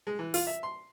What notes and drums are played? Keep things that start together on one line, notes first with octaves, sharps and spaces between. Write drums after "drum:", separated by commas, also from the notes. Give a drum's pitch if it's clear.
G#3
E3
F4, drum: open hi-hat
E5
C6